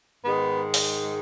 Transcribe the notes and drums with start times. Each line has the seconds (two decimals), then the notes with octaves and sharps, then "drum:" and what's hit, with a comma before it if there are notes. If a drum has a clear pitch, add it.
0.24 G#2 D#3 G#3 B3
0.74 drum: open hi-hat